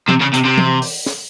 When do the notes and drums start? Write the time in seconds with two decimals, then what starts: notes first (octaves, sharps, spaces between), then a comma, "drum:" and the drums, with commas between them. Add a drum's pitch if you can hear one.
0.09 C3, drum: tom E3
0.21 C#3
0.34 C3, drum: hi-hat
0.45 C3
0.58 drum: tom E3
0.82 drum: open hi-hat
1.06 drum: snare